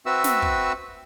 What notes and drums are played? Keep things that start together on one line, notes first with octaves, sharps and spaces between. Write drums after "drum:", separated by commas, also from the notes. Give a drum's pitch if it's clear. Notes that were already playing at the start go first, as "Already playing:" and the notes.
C4 F#4 B4 E5 E6
drum: snare
drum: kick